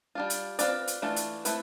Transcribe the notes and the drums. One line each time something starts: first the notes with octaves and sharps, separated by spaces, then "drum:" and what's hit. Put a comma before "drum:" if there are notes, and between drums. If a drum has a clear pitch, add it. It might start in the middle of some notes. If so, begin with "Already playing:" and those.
G3 D4 F4
drum: hi-hat
C4 F4 B4 D5, drum: hi-hat
drum: hi-hat
E3 A3 D4 F4
drum: hi-hat
A3 C4 E4 B4, drum: hi-hat